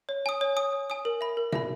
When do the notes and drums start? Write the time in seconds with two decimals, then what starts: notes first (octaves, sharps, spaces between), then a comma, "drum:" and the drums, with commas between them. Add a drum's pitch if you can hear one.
0.09 C#5
0.26 G#5 D#6
0.41 C#5
0.56 G#5 D#6
0.73 C#5
0.90 G#5 D#6
1.05 A#4
1.21 E5 B5
1.37 A#4
1.52 E5 B5, drum: tom B2